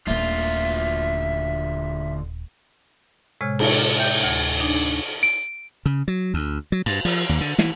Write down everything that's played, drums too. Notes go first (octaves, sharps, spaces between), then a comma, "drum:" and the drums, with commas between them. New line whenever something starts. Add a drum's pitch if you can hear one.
D#1 D2 A#3 F4 E5
A2 C3 G#3 C#5 F6 G#6
C#5 E5, drum: cymbal
E5 G5 G6
D2
D4 D#4
D7
C#3
F#3
D2
F#3
G2, drum: cymbal
F3, drum: open hi-hat
D#2
D3
E3, drum: snare